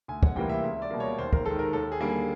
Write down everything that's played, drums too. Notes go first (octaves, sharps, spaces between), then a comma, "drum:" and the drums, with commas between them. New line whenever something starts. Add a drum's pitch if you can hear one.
D2 G#5
F#5, drum: kick
C3 E3 G3 A#3 G5
E5
C#2 E5
D5
B2 G3 A#3
C#5
D#2 C5
A#4, drum: kick
D#3 G#3 A4
A#4
D#2 A4
G#4
D3 G3 A#3
G#4